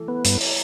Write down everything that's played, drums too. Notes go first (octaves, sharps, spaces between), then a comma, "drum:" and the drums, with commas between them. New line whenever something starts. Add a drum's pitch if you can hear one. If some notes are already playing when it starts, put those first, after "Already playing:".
Already playing: E3 A3
B3
G2, drum: hi-hat
drum: open hi-hat